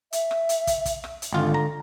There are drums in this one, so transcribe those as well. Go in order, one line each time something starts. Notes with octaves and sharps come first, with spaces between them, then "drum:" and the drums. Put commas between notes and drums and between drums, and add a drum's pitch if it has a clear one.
E5, drum: hi-hat
drum: rim click
drum: hi-hat
drum: kick, hi-hat
drum: kick, hi-hat
drum: rim click
drum: hi-hat
G#1 D3 F4
A#5